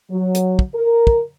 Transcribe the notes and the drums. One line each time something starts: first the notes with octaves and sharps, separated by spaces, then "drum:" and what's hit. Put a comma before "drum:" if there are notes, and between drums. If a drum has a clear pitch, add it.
F#3
drum: hi-hat
drum: kick
A#4
drum: kick